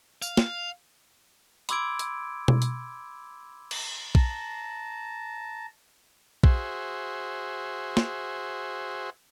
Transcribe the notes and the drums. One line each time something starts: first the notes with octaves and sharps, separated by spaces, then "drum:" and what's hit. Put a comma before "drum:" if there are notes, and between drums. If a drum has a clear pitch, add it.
F5, drum: tambourine
drum: snare
B5 C6 D6 E6 G#6 D7, drum: hi-hat
drum: hi-hat
drum: tom B2
drum: hi-hat
drum: cymbal
A5 A#5, drum: kick A#1
F#4 G#4 C5 E5, drum: kick A#1
drum: snare